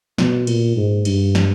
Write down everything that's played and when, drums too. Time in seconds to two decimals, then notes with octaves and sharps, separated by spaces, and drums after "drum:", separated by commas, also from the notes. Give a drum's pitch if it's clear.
0.18 B2, drum: snare
0.47 A#2, drum: cymbal
0.76 G#2
1.05 G2, drum: cymbal
1.35 drum: snare